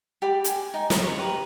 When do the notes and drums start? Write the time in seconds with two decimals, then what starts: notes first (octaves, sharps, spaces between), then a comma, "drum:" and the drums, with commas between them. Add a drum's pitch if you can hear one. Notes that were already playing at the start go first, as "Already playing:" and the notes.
0.22 G4 D5 B5
0.44 G#5, drum: hi-hat
0.74 D#4 G#5
0.90 A#4 B5, drum: snare
1.03 C#5 C#6
1.19 G4 B4 A#5